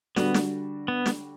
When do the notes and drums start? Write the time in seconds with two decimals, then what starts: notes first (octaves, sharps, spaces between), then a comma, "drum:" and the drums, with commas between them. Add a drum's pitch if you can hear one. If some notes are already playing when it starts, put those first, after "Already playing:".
0.16 D3 G3 B3 D4 F#4, drum: snare
0.34 drum: snare
0.88 B3
1.06 drum: snare